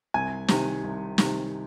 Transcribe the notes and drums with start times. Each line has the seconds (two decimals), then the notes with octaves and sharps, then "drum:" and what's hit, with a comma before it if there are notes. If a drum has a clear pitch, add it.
0.14 C2 G#5
0.48 C3 D#3, drum: snare
0.84 C2
1.18 C3 D#3, drum: snare